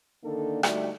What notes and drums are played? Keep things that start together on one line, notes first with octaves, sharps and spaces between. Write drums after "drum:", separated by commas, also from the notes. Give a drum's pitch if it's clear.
D3 D#3 A#3 D4 D#4 A4
D3 G3 A3 D#4 F#4 D5, drum: rim click